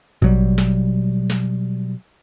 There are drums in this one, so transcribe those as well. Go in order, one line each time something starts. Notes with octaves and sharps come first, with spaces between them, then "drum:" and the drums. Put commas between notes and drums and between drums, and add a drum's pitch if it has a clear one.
B2 F#3 G3, drum: kick A1
drum: snare
drum: snare